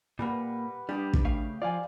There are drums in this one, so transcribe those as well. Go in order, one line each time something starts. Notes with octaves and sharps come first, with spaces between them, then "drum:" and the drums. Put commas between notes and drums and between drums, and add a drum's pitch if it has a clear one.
A#2 G3 A#3 B4 F#5
G3 D4 G4 D6 D#6
drum: kick
C#3 A3 F5
F3 F4 D5 F5 G#5